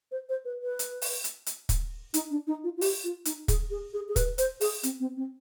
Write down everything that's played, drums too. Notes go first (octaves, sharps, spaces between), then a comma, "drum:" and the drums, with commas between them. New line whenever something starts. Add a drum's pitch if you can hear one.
C5
C5
B4
B4
drum: hi-hat
drum: open hi-hat
drum: hi-hat
drum: hi-hat
drum: kick, hi-hat
D#4, drum: hi-hat
D4
D#4
F4
F4
G4, drum: open hi-hat
F4
D#4, drum: hi-hat
G#4, drum: kick, hi-hat
G#4
G#4
G#4
B4, drum: kick, hi-hat
C5, drum: hi-hat
G#4, drum: open hi-hat
C4, drum: hi-hat
C4
C4